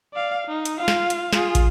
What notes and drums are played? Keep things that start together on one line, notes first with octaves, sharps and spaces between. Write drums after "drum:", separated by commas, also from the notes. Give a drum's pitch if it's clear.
D5 F5
D#4
drum: hi-hat
F4 F5
drum: snare
drum: hi-hat
F4 G#4, drum: snare
drum: kick, hi-hat